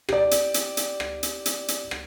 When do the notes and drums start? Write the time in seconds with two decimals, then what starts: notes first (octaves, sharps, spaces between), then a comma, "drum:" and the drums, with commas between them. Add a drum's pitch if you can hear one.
0.09 G4 D5, drum: rim click
0.31 drum: hi-hat
0.54 drum: hi-hat
0.77 drum: hi-hat
1.00 drum: rim click
1.23 drum: hi-hat
1.46 drum: hi-hat
1.68 drum: hi-hat
1.91 drum: rim click